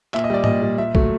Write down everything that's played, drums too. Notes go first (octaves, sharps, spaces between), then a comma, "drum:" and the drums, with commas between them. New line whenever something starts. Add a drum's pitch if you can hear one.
A#2 E5, drum: clap
D#5
G3 D5
A#2 D#5, drum: tom
G3
A#2 E5
F#3 A3, drum: kick